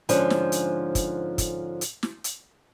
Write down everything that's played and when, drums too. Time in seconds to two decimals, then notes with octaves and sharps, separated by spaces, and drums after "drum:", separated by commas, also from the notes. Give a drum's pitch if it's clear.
0.09 G#2 D3 F3 C#4, drum: hi-hat
0.30 drum: snare
0.52 drum: hi-hat
0.95 drum: kick, hi-hat
1.38 drum: kick, hi-hat
1.81 drum: hi-hat
2.03 drum: snare
2.24 drum: hi-hat